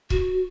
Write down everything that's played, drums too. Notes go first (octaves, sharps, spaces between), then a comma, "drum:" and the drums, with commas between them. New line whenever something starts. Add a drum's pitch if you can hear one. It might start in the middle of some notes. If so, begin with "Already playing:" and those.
F#4, drum: kick